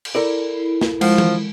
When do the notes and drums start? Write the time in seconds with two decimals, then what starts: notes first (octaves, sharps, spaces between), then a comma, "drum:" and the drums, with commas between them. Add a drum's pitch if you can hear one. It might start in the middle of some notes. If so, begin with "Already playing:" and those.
0.05 drum: cymbal
0.15 E4 A4 A#4 D5
0.81 drum: snare
1.01 F3 G#3, drum: cymbal
1.18 drum: tom E3